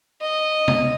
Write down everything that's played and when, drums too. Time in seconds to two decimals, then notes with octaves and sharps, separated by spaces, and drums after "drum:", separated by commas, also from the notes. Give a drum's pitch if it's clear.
0.22 D#5
0.68 drum: tom